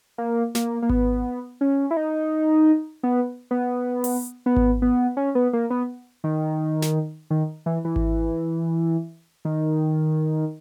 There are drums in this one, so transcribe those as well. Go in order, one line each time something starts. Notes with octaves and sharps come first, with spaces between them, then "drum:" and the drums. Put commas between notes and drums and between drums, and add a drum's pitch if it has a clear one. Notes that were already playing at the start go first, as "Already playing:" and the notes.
A#3
A#3, drum: snare
A#3
B3, drum: kick G#1
C#4
E4
D#4
B3
B3
drum: open hi-hat
B3
drum: kick G#1
B3
C#4
B3
A#3
B3
D#3
drum: snare
D#3
E3
E3
drum: kick G#1
D#3